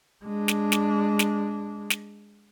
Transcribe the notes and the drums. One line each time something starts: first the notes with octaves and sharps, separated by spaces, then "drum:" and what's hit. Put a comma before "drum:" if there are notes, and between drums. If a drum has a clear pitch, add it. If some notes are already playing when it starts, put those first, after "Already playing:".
G#3 D4
drum: snare
drum: snare
drum: snare
drum: snare